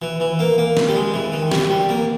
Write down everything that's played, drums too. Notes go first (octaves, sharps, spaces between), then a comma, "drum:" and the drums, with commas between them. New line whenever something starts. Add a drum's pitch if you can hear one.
E3
E3
A#3
A#3
drum: snare
G3
G#3
E3
D#3
G3, drum: snare
G3
A#3